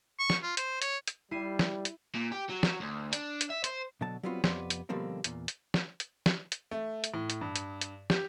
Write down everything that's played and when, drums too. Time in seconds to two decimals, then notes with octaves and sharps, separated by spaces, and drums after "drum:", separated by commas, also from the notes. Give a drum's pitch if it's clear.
0.19 C#6
0.30 drum: snare
0.43 F4
0.57 C5, drum: hi-hat
0.82 C#5, drum: hi-hat
1.08 drum: hi-hat
1.31 G3 E4 C7 D#7
1.59 drum: snare
1.85 drum: hi-hat
2.15 A#2
2.32 G4
2.50 F#3
2.63 drum: snare
2.81 D2
3.13 D4, drum: hi-hat
3.41 drum: hi-hat
3.50 E5
3.64 C5, drum: hi-hat
4.01 B2 D3 F#3 A5
4.23 F#3 G3 B3 C4 F4
4.44 F2 C3 B3 D5 C6, drum: snare
4.70 drum: hi-hat
4.89 B2 D3 F3 G3 A#3 C4
5.24 E2 A#2, drum: hi-hat
5.48 drum: hi-hat
5.74 drum: snare
6.00 drum: hi-hat
6.26 drum: snare
6.52 drum: hi-hat
6.71 A3
7.04 drum: hi-hat
7.14 A2
7.30 drum: hi-hat
7.41 G2
7.56 drum: hi-hat
7.81 drum: hi-hat
8.10 G4, drum: snare